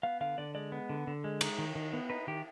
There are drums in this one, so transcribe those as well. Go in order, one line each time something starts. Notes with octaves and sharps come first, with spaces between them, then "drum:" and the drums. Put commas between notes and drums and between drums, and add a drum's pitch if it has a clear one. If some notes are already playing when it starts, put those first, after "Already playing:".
B3 F5
D3 F5
D3 D5
G#3 D5
B3
D3
D3
G#3
D#4, drum: cymbal
D#3
D#3
B3
D#4 B4
D#3 G4